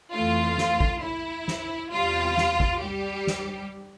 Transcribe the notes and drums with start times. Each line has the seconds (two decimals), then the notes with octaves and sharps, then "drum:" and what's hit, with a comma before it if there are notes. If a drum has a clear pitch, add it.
0.13 F2 E3 A3 F4
0.58 drum: snare
0.80 drum: kick
1.03 E4
1.48 drum: snare
1.92 E2 C3 G3 F4
2.38 drum: snare
2.60 drum: kick
2.83 G3 G4
3.27 drum: snare